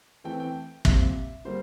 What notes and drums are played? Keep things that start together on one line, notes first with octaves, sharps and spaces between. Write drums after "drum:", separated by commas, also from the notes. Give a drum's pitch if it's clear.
E3 A3 C4 G5
G5
A#2 G3 C4 E5, drum: kick
D3 G3 A#3 C5